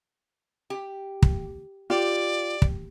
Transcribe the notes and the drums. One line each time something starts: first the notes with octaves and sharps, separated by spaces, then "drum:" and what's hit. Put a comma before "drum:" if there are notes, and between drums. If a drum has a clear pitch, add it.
G4
drum: kick
F4 G4 D5
drum: kick